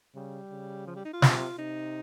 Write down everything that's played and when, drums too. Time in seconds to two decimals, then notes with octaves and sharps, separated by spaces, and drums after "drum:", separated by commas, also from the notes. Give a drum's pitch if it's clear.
0.15 C#3 G3
0.51 C#3
0.87 F3
0.96 G3
1.05 D#4
1.13 F4
1.22 C3, drum: snare
1.58 C3 D#4